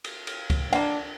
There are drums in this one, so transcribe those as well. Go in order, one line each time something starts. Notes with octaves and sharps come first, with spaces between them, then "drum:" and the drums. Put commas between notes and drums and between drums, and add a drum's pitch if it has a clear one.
drum: cymbal
drum: cymbal
drum: kick C#2, cymbal
D4 F#5 A#5, drum: cymbal